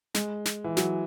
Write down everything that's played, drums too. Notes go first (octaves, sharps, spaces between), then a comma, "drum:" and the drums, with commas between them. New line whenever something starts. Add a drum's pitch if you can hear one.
G#3, drum: snare
drum: snare
E3
F#3, drum: snare